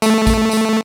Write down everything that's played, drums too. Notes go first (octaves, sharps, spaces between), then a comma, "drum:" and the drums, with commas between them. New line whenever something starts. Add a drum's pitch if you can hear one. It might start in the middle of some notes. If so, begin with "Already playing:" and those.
A3, drum: tambourine
drum: kick, tambourine
drum: tambourine